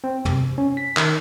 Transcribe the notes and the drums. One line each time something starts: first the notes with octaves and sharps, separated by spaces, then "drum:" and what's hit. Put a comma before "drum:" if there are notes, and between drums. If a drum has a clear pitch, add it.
C4
C3, drum: tom
C#4
B6
D#3, drum: clap